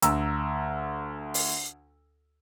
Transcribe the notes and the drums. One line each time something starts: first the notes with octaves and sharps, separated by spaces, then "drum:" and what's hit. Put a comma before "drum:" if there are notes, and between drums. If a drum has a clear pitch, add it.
D2 A#5 E6, drum: hi-hat
drum: open hi-hat